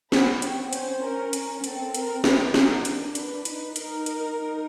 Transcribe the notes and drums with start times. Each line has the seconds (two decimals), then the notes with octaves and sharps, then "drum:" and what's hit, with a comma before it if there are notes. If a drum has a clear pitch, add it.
0.12 B3 B4, drum: snare
0.42 C4 C#5, drum: hi-hat
0.73 C#4 C5, drum: hi-hat
1.03 C#4 A#4
1.33 A#4, drum: hi-hat
1.64 C4 A4, drum: hi-hat
1.94 A#4, drum: hi-hat
2.24 C4 B4, drum: snare
2.54 B3 A#4, drum: snare
2.85 D4, drum: hi-hat
3.15 B4, drum: hi-hat
3.45 D#4, drum: hi-hat
3.76 D#4 A#4, drum: hi-hat
4.06 drum: hi-hat
4.36 D#4